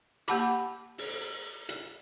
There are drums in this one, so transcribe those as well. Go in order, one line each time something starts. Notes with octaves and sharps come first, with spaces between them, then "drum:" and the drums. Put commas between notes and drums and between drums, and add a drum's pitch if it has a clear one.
A#3 G4 F#5 A5 B5 D6, drum: hi-hat
drum: open hi-hat
drum: hi-hat